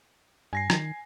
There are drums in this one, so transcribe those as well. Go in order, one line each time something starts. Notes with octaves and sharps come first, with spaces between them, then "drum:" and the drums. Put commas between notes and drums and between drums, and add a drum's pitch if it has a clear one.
G2 G#5 A#6 C7
D#3, drum: rim click